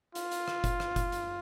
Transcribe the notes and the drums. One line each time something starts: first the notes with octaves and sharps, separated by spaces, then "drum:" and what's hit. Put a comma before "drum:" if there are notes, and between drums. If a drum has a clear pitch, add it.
F4, drum: hi-hat
drum: hi-hat
drum: rim click
drum: kick F#1, hi-hat
drum: rim click
drum: kick F#1, hi-hat
drum: hi-hat